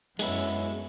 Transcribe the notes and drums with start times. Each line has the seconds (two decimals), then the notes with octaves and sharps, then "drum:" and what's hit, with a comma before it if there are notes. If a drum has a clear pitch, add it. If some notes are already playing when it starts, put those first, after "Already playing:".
0.19 F#2 F#3 G#3 B3 E4, drum: hi-hat